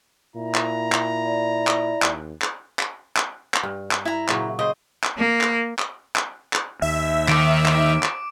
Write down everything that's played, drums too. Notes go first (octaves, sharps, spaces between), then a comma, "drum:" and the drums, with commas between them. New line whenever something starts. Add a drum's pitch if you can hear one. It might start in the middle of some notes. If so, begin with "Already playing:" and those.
A#2 E4 A#5
drum: clap
drum: clap
D5
drum: clap
D#2, drum: clap
drum: clap
drum: clap
drum: clap
drum: clap
G2
drum: clap
E4 A#5
A#2 C#3 F#3, drum: clap
C#3 C5 D#5
drum: clap
A#3
drum: clap
drum: clap
drum: clap
drum: clap
D#2 E5
D#3 D6 D7, drum: clap
drum: clap
drum: clap